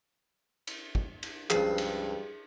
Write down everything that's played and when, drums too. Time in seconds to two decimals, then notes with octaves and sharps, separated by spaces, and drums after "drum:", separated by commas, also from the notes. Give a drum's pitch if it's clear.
0.67 drum: cymbal
0.95 drum: kick
1.23 drum: cymbal
1.50 C#2 G2 F3 G#4, drum: clap
1.78 drum: cymbal